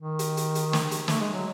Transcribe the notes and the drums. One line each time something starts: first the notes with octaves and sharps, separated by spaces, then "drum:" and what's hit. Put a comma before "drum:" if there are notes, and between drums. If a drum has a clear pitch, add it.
D#3
drum: hi-hat
drum: hi-hat
drum: hi-hat
drum: snare
drum: hi-hat
A3, drum: snare
G#3
F#3